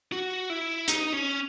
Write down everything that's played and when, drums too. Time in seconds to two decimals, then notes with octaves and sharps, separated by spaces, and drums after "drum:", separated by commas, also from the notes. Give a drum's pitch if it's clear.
0.12 F#4
0.50 E4
0.88 D#4, drum: hi-hat
1.13 C#4